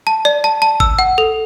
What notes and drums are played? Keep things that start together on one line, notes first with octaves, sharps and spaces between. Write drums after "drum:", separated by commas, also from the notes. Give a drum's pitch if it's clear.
A5
D5
A5
A5
E6, drum: kick G#1
F#5
A4